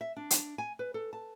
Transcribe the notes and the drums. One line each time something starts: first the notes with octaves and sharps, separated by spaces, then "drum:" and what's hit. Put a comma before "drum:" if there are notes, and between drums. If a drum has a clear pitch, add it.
E5
D4
drum: hi-hat
G#5
B4
A4
A5